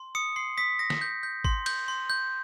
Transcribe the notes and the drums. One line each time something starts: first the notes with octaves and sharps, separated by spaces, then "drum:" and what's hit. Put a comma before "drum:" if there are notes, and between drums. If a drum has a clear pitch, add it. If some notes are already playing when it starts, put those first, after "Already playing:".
Already playing: C6
D#6 C#7
C6 C7
D#6 B6
D#6 A#6
drum: snare
G6
G6
C6, drum: kick
G6, drum: cymbal
C6
G6